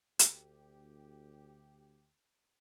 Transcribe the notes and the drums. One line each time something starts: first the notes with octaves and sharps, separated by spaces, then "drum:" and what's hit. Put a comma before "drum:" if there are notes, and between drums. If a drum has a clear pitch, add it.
D2 G4, drum: hi-hat